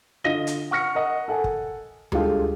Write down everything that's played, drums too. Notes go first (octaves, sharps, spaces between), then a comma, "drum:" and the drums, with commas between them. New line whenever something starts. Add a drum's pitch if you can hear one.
D3 F4 D#5 A#6 D#7 G7
drum: hi-hat
F#5 C#6 F6 A#6 C#7
A#4 D#5 F#5
A4 F#5 G#5
drum: kick
G3 G#3 D4 F4 G4 A4, drum: tom D2